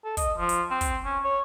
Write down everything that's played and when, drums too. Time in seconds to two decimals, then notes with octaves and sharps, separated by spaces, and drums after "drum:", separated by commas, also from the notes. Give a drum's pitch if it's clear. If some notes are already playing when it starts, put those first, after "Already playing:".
0.04 A4
0.17 D#5, drum: kick, hi-hat
0.37 F3
0.49 drum: hi-hat
0.71 C4
0.81 drum: kick, hi-hat
1.05 C#4
1.25 C#5